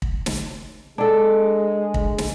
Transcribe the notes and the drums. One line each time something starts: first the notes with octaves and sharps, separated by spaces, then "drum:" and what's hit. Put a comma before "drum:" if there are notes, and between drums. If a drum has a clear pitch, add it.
drum: kick
drum: snare
G#3 D4 A4
drum: kick
drum: snare